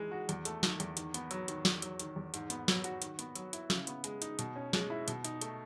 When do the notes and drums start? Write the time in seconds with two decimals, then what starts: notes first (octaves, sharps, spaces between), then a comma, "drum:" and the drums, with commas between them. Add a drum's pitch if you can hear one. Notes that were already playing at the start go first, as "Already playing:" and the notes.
Already playing: E3 G#3 D#4
0.11 F#4
0.29 E2, drum: hi-hat
0.45 A3, drum: hi-hat
0.63 D#3, drum: snare
0.80 E2, drum: hi-hat
0.97 D#3, drum: hi-hat
1.14 B3, drum: hi-hat
1.31 F#3, drum: hi-hat
1.48 D#3, drum: hi-hat
1.65 E2, drum: snare
1.82 F#3, drum: hi-hat
2.00 D#3, drum: hi-hat
2.16 E2
2.34 G#2, drum: hi-hat
2.50 B3, drum: hi-hat
2.68 F#3, drum: snare
2.84 F#4, drum: hi-hat
3.02 D#3, drum: hi-hat
3.19 B3, drum: hi-hat
3.36 F#3, drum: hi-hat
3.53 E4, drum: hi-hat
3.70 C#3, drum: snare
3.87 B3, drum: hi-hat
4.04 G#3, drum: hi-hat
4.22 D#4, drum: hi-hat
4.39 B2, drum: hi-hat
4.56 C#4
4.73 G#3, drum: snare
4.90 E4
5.08 B2, drum: hi-hat
5.25 D#4, drum: hi-hat
5.42 A3, drum: hi-hat